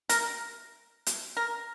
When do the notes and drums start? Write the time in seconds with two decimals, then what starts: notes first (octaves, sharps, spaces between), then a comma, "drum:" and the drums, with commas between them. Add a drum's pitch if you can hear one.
0.09 A#4, drum: hi-hat
1.06 drum: hi-hat
1.37 A#4